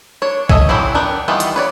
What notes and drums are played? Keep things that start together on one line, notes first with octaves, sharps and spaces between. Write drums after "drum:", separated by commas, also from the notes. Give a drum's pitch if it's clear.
D4 C#5
A4 D#5 E5 G#5, drum: kick A#1
E3 F#3 G3 C4 E4
B3 D4 A#4 F#5 G5
D#3 E3 G3 B3 F4
drum: hi-hat
B4 C#5 D5